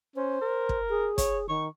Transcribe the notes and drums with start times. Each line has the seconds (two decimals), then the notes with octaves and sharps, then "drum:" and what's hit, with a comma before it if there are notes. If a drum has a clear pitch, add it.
0.16 C#4 C5
0.41 A#4
0.69 drum: kick
0.89 G#4
1.18 C#5, drum: kick, hi-hat
1.49 D#3 C#6